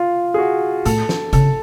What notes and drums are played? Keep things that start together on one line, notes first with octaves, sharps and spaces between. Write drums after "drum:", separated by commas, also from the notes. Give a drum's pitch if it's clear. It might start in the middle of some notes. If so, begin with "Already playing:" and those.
Already playing: F4
G#4
F#4
A2 A4, drum: hi-hat
drum: snare
C#3 A4, drum: kick F#1, hi-hat